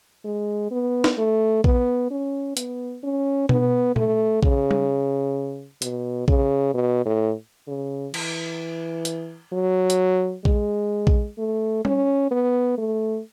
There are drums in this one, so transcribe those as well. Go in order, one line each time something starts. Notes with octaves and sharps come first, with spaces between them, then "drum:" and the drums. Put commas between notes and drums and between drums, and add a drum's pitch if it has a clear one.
G#3
B3
drum: snare
A3
B3, drum: kick A#1
C#4
B3, drum: hi-hat
C#4
B3, drum: tom B2
A3, drum: tom A#2
C#3, drum: kick A#1
drum: tom G3
B2, drum: hi-hat
C#3, drum: kick A#1
B2
A2
C#3
E3, drum: cymbal
drum: hi-hat
F#3
drum: hi-hat
G#3, drum: kick A#1
drum: kick A#1
A3
C#4, drum: tom G3
B3
A3